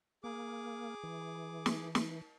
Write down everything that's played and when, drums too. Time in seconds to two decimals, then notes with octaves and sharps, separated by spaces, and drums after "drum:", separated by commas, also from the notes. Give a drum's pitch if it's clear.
0.24 A#3 G#4 D6
1.03 E3
1.66 drum: snare
1.95 drum: snare